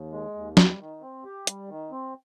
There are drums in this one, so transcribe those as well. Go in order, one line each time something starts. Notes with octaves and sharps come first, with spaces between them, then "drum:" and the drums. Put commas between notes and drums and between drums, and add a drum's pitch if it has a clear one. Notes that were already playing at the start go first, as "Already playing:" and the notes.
Already playing: D#2
G#3
D#2
G3, drum: snare
D#3
C4
G4
G3, drum: hi-hat
D#3
C4